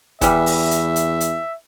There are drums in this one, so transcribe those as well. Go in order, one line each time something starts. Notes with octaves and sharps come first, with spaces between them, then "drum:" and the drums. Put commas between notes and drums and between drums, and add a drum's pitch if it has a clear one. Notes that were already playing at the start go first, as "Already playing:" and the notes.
E2 E3 G3 E5, drum: kick, hi-hat
drum: open hi-hat
drum: hi-hat
drum: hi-hat
drum: hi-hat